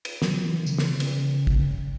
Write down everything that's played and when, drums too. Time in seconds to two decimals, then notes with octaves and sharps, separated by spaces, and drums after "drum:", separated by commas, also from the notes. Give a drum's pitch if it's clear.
0.05 drum: cymbal
0.22 F#3, drum: snare
0.44 E3
0.66 C#3, drum: tambourine
0.78 E3, drum: snare
0.90 C#3
1.00 drum: cymbal
1.47 drum: kick